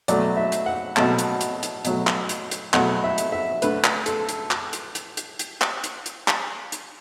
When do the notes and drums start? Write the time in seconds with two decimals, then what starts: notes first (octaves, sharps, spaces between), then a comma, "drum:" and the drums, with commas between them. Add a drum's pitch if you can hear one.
0.08 B2 F#3 A3 D5, drum: hi-hat
0.37 E5
0.52 drum: hi-hat
0.66 F#5
0.96 B2 F#3 A3 A5, drum: clap
1.18 drum: hi-hat
1.41 drum: hi-hat
1.63 drum: hi-hat
1.85 B2 F#3 A3, drum: hi-hat
2.07 drum: clap
2.29 drum: hi-hat
2.51 drum: hi-hat
2.74 B2 F#3 A3 F#5, drum: clap
3.04 E5
3.18 drum: hi-hat
3.32 E5
3.62 D3 A3 B4, drum: hi-hat
3.84 drum: clap
4.06 A4, drum: hi-hat
4.29 drum: hi-hat
4.51 drum: clap
4.73 drum: hi-hat
4.95 drum: hi-hat
5.17 drum: hi-hat
5.39 drum: hi-hat
5.62 drum: clap
5.84 drum: hi-hat
6.06 drum: hi-hat
6.28 drum: clap
6.72 drum: hi-hat